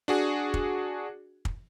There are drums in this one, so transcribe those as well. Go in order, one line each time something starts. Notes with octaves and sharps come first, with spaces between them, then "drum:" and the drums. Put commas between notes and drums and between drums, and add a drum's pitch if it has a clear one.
D4 F#4 G#4
drum: kick
drum: kick